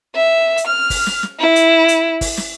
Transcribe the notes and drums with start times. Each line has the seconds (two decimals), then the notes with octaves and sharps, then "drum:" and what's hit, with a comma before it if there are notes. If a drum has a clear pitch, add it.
0.15 E5
0.57 drum: hi-hat
0.67 F6
0.90 drum: kick, open hi-hat
1.06 drum: snare
1.23 drum: snare
1.39 E4
1.56 drum: hi-hat
1.88 drum: hi-hat
2.21 drum: kick, open hi-hat
2.37 drum: snare